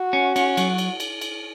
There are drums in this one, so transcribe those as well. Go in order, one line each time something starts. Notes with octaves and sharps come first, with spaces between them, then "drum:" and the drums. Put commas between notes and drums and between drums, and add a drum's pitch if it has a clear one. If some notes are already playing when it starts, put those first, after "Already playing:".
Already playing: F#4
C#4
C#4, drum: cymbal
F#3, drum: cymbal
drum: cymbal
drum: cymbal
drum: cymbal